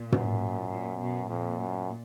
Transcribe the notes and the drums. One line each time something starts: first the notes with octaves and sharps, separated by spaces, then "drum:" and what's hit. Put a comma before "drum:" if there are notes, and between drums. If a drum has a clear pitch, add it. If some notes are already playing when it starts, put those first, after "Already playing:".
Already playing: A#2
F#2, drum: tom
A#2
B2
F2 A#2
F#2